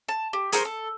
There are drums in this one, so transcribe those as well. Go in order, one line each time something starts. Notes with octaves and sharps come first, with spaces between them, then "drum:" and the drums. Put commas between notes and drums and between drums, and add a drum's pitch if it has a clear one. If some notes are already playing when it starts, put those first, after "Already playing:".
A5
G4
G#4 A#4 C5 C#6, drum: hi-hat
A4